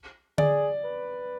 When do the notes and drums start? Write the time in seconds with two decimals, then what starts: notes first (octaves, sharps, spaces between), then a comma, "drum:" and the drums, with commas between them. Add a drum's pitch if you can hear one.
0.38 G#4 D5, drum: tom D3
0.85 B4